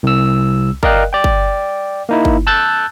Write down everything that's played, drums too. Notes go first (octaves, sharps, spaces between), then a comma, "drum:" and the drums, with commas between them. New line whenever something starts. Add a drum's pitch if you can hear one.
C2 E6
A#4 D5 D#5 F5 G5 F#6, drum: kick G1
D5 G5
drum: kick G1
A#3 D#4 E4
drum: kick G1
A5 E6 F#6 G6 A6